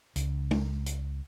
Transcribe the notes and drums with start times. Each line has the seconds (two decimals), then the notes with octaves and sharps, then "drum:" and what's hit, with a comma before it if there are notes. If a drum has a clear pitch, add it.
0.16 C#2, drum: hi-hat
0.51 drum: tom G#3
0.86 drum: hi-hat